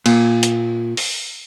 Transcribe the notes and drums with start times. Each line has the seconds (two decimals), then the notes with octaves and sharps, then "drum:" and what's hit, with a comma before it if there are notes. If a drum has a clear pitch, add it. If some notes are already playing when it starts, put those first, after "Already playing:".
0.06 A#2, drum: cymbal
0.43 drum: hi-hat
0.97 drum: open hi-hat